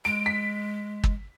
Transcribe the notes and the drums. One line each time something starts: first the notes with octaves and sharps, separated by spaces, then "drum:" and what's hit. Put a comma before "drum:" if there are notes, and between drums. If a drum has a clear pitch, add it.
G#3 D7
B6
drum: kick